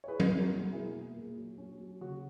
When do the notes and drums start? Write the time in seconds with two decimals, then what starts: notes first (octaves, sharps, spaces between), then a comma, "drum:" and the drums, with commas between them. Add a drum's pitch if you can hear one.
0.04 C#5
0.08 E4 G#4 B4
0.20 drum: tom
0.29 G#3
0.40 F#4 A#4
0.51 B2
0.72 E4 G#4
0.94 A#3
1.16 A#2
1.37 F#3
1.58 C#4
1.80 F#3
2.01 C#3 F#4